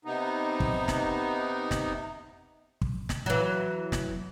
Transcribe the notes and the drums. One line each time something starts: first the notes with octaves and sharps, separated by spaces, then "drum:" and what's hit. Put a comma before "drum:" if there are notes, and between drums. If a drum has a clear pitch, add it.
C3 B3 D#4
drum: kick
drum: snare
drum: snare
drum: kick
drum: snare
E3 F#3
drum: snare